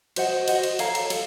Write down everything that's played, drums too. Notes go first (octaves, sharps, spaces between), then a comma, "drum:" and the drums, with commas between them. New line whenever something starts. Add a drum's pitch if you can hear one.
F#4 C5 D#5 F#5, drum: cymbal
F#4 C5 D#5 F#5, drum: cymbal
drum: cymbal
A4 C#5 F5 A#5, drum: cymbal
drum: cymbal
A4, drum: cymbal